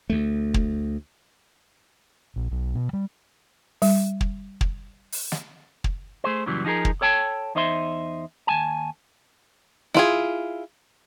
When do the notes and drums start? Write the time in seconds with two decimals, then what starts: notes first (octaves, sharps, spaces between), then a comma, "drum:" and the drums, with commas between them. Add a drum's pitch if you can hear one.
0.10 D2 A3
0.54 drum: kick
2.36 A#1
2.51 B1
2.75 B2
2.93 G3
3.82 G3, drum: open hi-hat
4.21 drum: kick
4.61 drum: kick
5.12 drum: open hi-hat
5.32 drum: snare
5.84 drum: kick
6.24 A3 G#4 C5
6.46 F#2 A#2 C#3 E3 F#3 G3
6.65 F3 D#4 F#4 G#4 A#4
6.85 drum: kick
7.01 A4 C#5 G5 A5
7.55 E2 D#4 C5 E5 C6
8.47 D#2 E3 G#5 A5
9.94 E4 F4 G#4, drum: snare